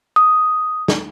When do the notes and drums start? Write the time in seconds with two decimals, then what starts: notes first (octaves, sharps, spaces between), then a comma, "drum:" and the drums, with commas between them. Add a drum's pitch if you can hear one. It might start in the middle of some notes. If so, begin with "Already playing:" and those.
0.16 D#6
0.88 drum: snare